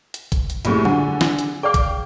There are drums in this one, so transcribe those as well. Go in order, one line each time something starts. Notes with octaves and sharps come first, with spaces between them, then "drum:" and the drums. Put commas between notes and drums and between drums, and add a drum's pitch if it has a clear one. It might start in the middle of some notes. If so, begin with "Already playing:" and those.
drum: hi-hat
drum: kick, hi-hat
drum: hi-hat
A#1 F#2 A2 F4 G4 G#4, drum: hi-hat
D3 F#5 G#5, drum: tom F#3
drum: snare
drum: hi-hat
G#4 D5 F5 G5 D6
drum: kick, hi-hat